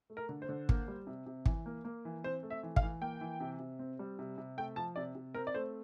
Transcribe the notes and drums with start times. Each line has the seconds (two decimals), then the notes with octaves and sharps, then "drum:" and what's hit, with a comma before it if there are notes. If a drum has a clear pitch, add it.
0.10 A3
0.17 A#4
0.29 D3
0.42 C5
0.49 D3
0.69 A#3, drum: kick
0.88 G3
1.07 C3
1.26 C3
1.46 E3, drum: kick
1.66 A#3
1.84 A#3
2.05 E3
2.24 C4 C5
2.43 A3
2.50 E5
2.63 E3
2.76 F5, drum: kick
2.83 E3
3.01 A#3 G5
3.21 E3
3.40 C3
3.59 C3
3.79 C4
3.99 G3
4.19 C3
4.38 C3
4.57 A3 G5
4.76 F3 A5
4.96 C3 D5
5.15 C3
5.34 C4 A#4
5.47 D5
5.55 A3 C5